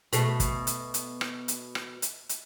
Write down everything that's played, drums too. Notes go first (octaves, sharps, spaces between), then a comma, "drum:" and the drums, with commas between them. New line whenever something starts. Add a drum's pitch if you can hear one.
B2 A3, drum: hi-hat
drum: kick, hi-hat
drum: hi-hat
drum: hi-hat
drum: rim click
drum: hi-hat
drum: rim click
drum: hi-hat
drum: hi-hat